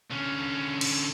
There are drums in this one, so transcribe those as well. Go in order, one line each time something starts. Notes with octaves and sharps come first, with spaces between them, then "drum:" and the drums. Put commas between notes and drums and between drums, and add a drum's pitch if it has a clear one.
D3 C#4
drum: cymbal